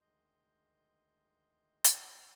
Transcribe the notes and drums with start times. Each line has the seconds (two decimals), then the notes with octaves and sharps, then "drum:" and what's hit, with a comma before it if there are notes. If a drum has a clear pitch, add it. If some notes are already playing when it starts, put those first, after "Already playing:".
0.01 D2 D#3 G#3 D#5 C6 G6
1.84 drum: hi-hat